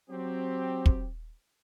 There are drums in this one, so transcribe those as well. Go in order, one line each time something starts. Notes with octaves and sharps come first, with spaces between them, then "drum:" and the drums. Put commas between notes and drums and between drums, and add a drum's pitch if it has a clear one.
F#3 C4 G4
drum: kick